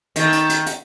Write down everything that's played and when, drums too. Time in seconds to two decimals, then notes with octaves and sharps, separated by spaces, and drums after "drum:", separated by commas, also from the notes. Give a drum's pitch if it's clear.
0.16 D#3 A3, drum: hi-hat
0.33 drum: hi-hat
0.49 drum: hi-hat
0.66 drum: hi-hat